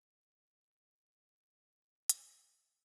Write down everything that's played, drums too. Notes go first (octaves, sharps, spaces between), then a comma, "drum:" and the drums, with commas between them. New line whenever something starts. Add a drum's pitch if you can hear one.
G#4
D5
A#2
F#2
E5
C4
G2
D4
A5, drum: hi-hat
C#5
E5